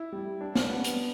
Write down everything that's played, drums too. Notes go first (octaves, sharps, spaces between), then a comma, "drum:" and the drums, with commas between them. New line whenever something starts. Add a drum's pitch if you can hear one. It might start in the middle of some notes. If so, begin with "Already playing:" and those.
Already playing: E4
G3
D4
drum: snare
B3
drum: hi-hat